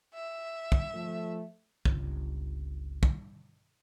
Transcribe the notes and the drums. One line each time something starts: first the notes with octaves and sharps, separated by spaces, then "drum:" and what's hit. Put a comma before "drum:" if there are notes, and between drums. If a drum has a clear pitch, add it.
E5
drum: kick
F3 A3
G1 C#2, drum: kick
drum: kick